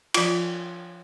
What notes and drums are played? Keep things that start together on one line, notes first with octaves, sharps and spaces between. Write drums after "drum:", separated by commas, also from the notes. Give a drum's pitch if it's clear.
F3 F4, drum: cymbal